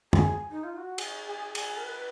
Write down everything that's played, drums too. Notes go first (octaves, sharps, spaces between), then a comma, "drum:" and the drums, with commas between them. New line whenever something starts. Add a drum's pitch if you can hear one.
G#4, drum: tom
D#4
F4
F#4
G#4, drum: cymbal
G#4
G#4, drum: cymbal
A#4
B4